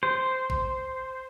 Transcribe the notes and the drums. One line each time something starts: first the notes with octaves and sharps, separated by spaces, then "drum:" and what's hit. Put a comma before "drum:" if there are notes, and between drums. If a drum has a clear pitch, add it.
C5, drum: rim click
drum: kick